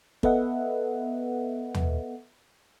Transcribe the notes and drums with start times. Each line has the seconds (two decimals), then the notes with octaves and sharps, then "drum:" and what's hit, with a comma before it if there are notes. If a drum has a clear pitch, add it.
0.23 B3 A4 B4 D#5 E5 F#5, drum: kick
1.74 drum: tom